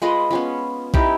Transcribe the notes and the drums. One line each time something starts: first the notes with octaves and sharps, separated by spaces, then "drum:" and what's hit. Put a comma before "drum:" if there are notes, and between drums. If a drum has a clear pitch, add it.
G#3 F4 B4 D#5
B3 C#4 F4
D#4 E4 G4 B4, drum: kick A#1